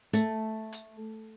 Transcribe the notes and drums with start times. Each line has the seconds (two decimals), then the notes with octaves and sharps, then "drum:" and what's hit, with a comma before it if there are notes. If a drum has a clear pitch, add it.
0.13 A3, drum: hi-hat
0.72 drum: hi-hat